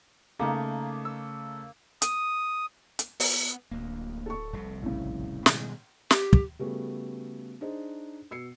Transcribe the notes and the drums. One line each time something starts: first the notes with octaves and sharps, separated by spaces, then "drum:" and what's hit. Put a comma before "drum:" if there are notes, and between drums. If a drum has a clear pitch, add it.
C#3 A3 A#3 D#4
E6
D#6, drum: hi-hat
drum: hi-hat
B3, drum: open hi-hat
D1 D2 A#3
A4 C#6
F1 C2 C3
A#1 A2 C#3
B2 D#3 G3 G#3, drum: snare
G4, drum: snare
drum: kick
C#3 G3 A3 B3 F#4 G#4
D4 D#4 G#4 C5 D#5
B2 E6 C7 C#7